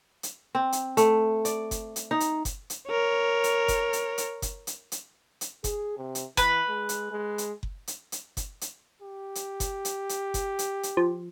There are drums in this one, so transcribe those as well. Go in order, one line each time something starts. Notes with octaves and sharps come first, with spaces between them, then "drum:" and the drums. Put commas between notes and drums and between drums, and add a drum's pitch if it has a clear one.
drum: hi-hat
C4
drum: hi-hat
A3, drum: hi-hat
D5, drum: hi-hat
drum: kick F#1, hi-hat
drum: hi-hat
D#4
drum: hi-hat
drum: kick F#1, hi-hat
drum: hi-hat
A#4 C#5
drum: hi-hat
drum: kick F#1, hi-hat
drum: hi-hat
drum: hi-hat
drum: kick F#1, hi-hat
drum: hi-hat
drum: hi-hat
drum: hi-hat
G#4, drum: kick F#1, hi-hat
C3
drum: hi-hat
E3 B4, drum: kick F#1, hi-hat
G#3
drum: hi-hat
G#3
drum: hi-hat
drum: kick F#1
drum: hi-hat
drum: hi-hat
drum: kick F#1, hi-hat
drum: hi-hat
G4
drum: hi-hat
drum: kick F#1, hi-hat
drum: hi-hat
drum: hi-hat
drum: kick F#1, hi-hat
drum: hi-hat
drum: hi-hat
F3